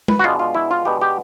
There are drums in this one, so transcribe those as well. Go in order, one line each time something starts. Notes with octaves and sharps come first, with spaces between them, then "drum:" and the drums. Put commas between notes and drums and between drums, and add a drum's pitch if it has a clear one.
B4, drum: tom G#3
F#4
B2 G#3 B3 D4 F4
F4
E4
F4
B2 G#3 B3 D4 G4
G4